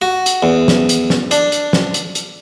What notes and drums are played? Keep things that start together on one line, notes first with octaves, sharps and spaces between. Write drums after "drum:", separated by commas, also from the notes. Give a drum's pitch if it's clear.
F#4
drum: hi-hat
E2
drum: snare
drum: hi-hat
drum: snare
D4, drum: hi-hat
drum: hi-hat
drum: snare
drum: hi-hat
drum: hi-hat